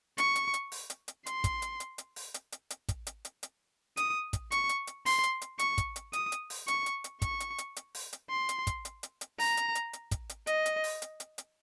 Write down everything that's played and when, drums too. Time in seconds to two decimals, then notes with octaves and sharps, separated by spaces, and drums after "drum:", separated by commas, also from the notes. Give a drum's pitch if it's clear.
0.18 C#6, drum: hi-hat
0.35 drum: hi-hat
0.54 drum: hi-hat
0.72 drum: open hi-hat
0.90 drum: hi-hat
1.08 drum: hi-hat
1.26 C6, drum: hi-hat
1.44 drum: kick, hi-hat
1.62 drum: hi-hat
1.80 drum: hi-hat
1.98 drum: hi-hat
2.16 drum: open hi-hat
2.34 drum: hi-hat
2.52 drum: hi-hat
2.70 drum: hi-hat
2.88 drum: kick, hi-hat
3.07 drum: hi-hat
3.25 drum: hi-hat
3.43 drum: hi-hat
3.97 D#6, drum: hi-hat
4.33 drum: kick, hi-hat
4.52 C#6, drum: hi-hat
4.69 drum: hi-hat
4.87 drum: hi-hat
5.06 C6, drum: open hi-hat
5.23 drum: hi-hat
5.42 drum: hi-hat
5.59 C#6, drum: hi-hat
5.78 drum: kick, hi-hat
5.96 drum: hi-hat
6.13 D#6, drum: hi-hat
6.32 drum: hi-hat
6.50 drum: open hi-hat
6.68 C#6, drum: hi-hat
6.86 drum: hi-hat
7.04 drum: hi-hat
7.22 C#6, drum: kick, hi-hat
7.40 drum: hi-hat
7.58 drum: hi-hat
7.76 drum: hi-hat
7.95 drum: open hi-hat
8.13 drum: hi-hat
8.30 C6
8.49 drum: hi-hat
8.67 drum: kick, hi-hat
8.85 drum: hi-hat
9.03 drum: hi-hat
9.21 drum: hi-hat
9.40 A#5, drum: open hi-hat
9.57 drum: hi-hat
9.75 drum: hi-hat
9.93 drum: hi-hat
10.11 drum: kick, hi-hat
10.29 drum: hi-hat
10.47 D#5, drum: hi-hat
10.66 drum: hi-hat
10.84 drum: open hi-hat
11.02 drum: hi-hat
11.20 drum: hi-hat
11.38 drum: hi-hat